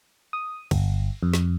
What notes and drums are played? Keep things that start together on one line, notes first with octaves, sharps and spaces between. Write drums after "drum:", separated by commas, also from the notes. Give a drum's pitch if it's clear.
D#6
G1, drum: kick, cymbal
F2
drum: snare